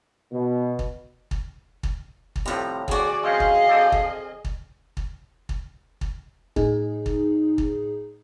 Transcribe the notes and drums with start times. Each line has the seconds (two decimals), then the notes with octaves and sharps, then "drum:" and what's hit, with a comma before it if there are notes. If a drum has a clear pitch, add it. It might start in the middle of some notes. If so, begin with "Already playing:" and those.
0.32 B2
0.79 drum: kick
1.31 drum: kick
1.83 drum: kick
2.36 drum: kick
2.46 A2 C3 F3 G3 A#5
2.88 D2 F#4 G#4 D5, drum: kick
3.23 G#3 C4 C#4 G#4 D#5 F5
3.40 drum: kick
3.68 C4 A4 D5
3.92 drum: kick
4.45 drum: kick
4.97 drum: kick
5.49 drum: kick
6.01 drum: kick
6.56 A2 D#4 G#4, drum: kick
7.06 drum: kick
7.58 drum: kick